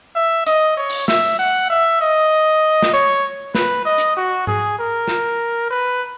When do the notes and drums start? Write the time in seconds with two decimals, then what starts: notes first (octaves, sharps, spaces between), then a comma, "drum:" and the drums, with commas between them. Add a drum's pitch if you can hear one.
0.15 E5
0.46 D#5, drum: hi-hat
0.77 C#5
0.90 drum: open hi-hat
1.08 E5, drum: snare
1.39 F#5
1.70 E5
2.01 D#5
2.82 drum: snare
2.93 C#5
3.55 B4, drum: snare
3.85 D#5
3.98 drum: hi-hat
4.17 F#4
4.47 G#4, drum: tom G#2
4.79 A#4
5.08 drum: snare
5.70 B4